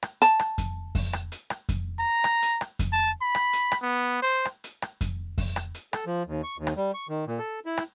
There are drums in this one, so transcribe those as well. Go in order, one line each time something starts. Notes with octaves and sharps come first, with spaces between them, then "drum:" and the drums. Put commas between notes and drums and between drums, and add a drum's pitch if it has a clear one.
drum: rim click
A5, drum: hi-hat
drum: rim click
drum: kick F2, hi-hat
drum: kick F2, open hi-hat
drum: rim click
drum: hi-hat
drum: rim click
drum: kick F2, hi-hat
A#5
drum: rim click
drum: hi-hat
drum: rim click
drum: kick F2, hi-hat
A5
B5
drum: rim click
drum: hi-hat
drum: rim click
B3
C5
drum: rim click
drum: hi-hat
drum: rim click
drum: kick F2, hi-hat
drum: kick F2, open hi-hat
drum: rim click
drum: hi-hat
A4, drum: rim click
F3
D#2
C#6
D#2
drum: rim click
G3
C#6
D#3
A#2
A4
E4
drum: rim click